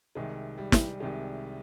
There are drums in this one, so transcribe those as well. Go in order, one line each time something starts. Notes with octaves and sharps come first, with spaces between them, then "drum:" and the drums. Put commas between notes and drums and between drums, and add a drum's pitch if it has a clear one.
C2 C3 D#3 G#3
G3
drum: snare
C2 C3 D#3 G#3